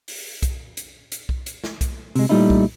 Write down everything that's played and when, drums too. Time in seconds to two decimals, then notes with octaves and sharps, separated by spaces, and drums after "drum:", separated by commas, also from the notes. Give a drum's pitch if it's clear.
0.08 drum: open hi-hat
0.42 drum: kick B1, hi-hat
0.77 drum: hi-hat
1.12 drum: hi-hat
1.29 drum: kick B1
1.46 drum: hi-hat
1.64 drum: snare
1.81 drum: kick B1, hi-hat
2.15 C3 G#3, drum: open hi-hat
2.29 A#2 G3 A3 D#4 E4
2.50 drum: kick B1